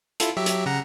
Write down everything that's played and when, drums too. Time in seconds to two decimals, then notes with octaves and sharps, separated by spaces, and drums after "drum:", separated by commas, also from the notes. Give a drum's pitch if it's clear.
0.20 E4 F4 A4, drum: hi-hat
0.37 F#3 G4 E5
0.46 drum: hi-hat
0.66 C#3 F#5 A#5